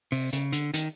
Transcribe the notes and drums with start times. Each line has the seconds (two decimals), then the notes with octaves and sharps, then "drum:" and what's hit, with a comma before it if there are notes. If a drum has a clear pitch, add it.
0.12 C3, drum: open hi-hat
0.33 C#3, drum: hi-hat
0.52 D3, drum: hi-hat
0.74 D#3, drum: hi-hat